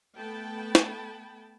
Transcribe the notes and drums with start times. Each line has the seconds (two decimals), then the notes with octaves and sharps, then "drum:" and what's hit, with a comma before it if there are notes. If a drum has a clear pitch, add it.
0.16 A3 B3 G5 A5 B5
0.75 drum: snare